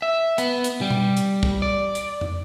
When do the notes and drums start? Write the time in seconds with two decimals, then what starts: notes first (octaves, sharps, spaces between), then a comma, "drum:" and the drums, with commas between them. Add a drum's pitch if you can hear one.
0.02 E5
0.38 B3, drum: hi-hat
0.64 drum: hi-hat
0.81 G3
0.90 drum: tom B2
1.17 drum: hi-hat
1.43 drum: kick
1.62 D5
1.95 drum: hi-hat
2.21 drum: tom F2